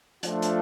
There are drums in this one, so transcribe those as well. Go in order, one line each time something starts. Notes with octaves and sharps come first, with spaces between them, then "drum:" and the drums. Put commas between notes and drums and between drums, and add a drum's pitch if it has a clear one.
F3 A3 D4 F4, drum: hi-hat
drum: hi-hat